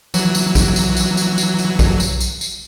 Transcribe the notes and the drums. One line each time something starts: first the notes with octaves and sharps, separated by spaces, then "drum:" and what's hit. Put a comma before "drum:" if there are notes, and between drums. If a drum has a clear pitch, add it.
E3 F#3, drum: tambourine
drum: tambourine
drum: kick B1, tambourine
drum: tambourine
drum: tambourine
drum: tambourine
drum: tambourine
drum: tambourine
drum: kick B1, tambourine
drum: tambourine
drum: tambourine
drum: tambourine